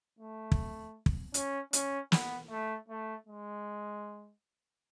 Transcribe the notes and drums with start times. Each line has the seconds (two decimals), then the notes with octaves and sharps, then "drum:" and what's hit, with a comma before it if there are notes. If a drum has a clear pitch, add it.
0.19 A3
0.52 drum: kick
1.06 drum: kick
1.34 C#4, drum: hi-hat
1.73 C#4, drum: hi-hat
2.12 B3, drum: snare
2.50 A3
2.88 A3
3.26 G#3